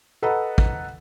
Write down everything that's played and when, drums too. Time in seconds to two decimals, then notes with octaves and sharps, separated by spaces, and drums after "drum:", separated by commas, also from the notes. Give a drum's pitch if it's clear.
0.22 A4 B4 D#5 F#5 A#5
0.58 drum: kick